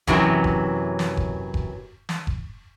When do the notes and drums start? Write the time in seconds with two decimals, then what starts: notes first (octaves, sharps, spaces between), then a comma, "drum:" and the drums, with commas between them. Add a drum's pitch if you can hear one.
0.07 F#2 C3 E3 F#3, drum: kick F1
0.44 drum: kick F1
0.99 drum: snare
1.17 drum: kick F1
1.54 drum: kick F1
2.09 drum: snare
2.27 drum: kick F1